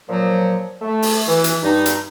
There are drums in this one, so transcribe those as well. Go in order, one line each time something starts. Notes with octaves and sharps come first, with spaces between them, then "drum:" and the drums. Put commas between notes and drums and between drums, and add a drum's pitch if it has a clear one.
A#2 F3 F#3
A3
drum: open hi-hat
E3
drum: hi-hat
G2 D#4
drum: hi-hat